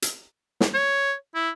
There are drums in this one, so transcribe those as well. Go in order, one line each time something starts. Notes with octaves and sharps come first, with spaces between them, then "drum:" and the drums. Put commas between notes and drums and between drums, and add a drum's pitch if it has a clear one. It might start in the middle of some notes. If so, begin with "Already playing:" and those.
drum: hi-hat
drum: snare
C#5
E4